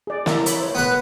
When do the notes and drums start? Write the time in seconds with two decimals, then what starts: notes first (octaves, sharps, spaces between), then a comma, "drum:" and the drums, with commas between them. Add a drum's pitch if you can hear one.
0.07 G#4 D5
0.26 E4 A#4 E5, drum: snare
0.46 C#5 B5, drum: hi-hat
0.61 C5 C#5
0.75 B3 B4